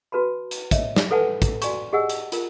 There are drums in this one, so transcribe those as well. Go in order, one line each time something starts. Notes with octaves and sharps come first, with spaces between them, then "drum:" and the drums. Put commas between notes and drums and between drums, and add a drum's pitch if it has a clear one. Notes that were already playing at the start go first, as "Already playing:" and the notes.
F#4 B4 A5 B5
drum: hi-hat
C#5 D#5 E5, drum: kick, hi-hat
drum: snare
A4 B4 F#5 G#5 A5
drum: kick, hi-hat
F#4 D5 G#5 C#6, drum: hi-hat
G4 G#4 D#5 F#5 G#5 E6
drum: hi-hat
F4 A#4, drum: hi-hat